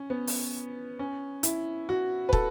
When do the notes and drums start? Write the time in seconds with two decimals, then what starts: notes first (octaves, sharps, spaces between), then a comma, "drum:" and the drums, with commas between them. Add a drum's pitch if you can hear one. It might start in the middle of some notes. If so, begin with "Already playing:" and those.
Already playing: C#4
0.10 B3
0.27 drum: open hi-hat
0.99 C#4
1.43 E4, drum: hi-hat
1.89 F#4
2.29 B4
2.33 A4, drum: kick